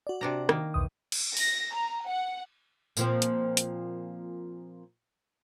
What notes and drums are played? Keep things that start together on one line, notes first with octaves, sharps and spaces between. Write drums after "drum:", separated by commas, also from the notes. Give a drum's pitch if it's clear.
F#4 D5
C3 D4 A#5
D#3 A#3, drum: rim click
B1 E2 D#6
drum: cymbal
A#6, drum: open hi-hat
A#5
F#5
A#2 F3 C4, drum: tambourine
drum: hi-hat
drum: hi-hat